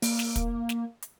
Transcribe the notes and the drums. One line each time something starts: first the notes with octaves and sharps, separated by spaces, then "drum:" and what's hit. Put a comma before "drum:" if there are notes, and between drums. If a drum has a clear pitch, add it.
A#3, drum: open hi-hat
drum: snare
drum: kick, hi-hat
drum: snare
drum: hi-hat